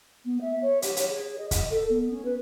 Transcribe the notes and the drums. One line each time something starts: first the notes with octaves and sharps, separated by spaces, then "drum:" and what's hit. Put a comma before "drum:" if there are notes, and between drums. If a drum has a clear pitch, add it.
B3
E5
C#5
G4, drum: hi-hat
C#5, drum: hi-hat
G#4
D#5
D#5, drum: kick, hi-hat
A4
B3
C#4
B4